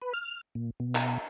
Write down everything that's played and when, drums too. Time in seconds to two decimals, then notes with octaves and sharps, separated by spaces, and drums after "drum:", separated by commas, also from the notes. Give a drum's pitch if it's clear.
0.02 B4
0.14 F6
0.55 A#2
0.80 B2
0.95 drum: clap